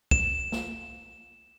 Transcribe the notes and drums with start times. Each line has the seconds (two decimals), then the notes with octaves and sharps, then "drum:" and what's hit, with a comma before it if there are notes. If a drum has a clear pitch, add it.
0.11 E7, drum: kick
0.52 drum: snare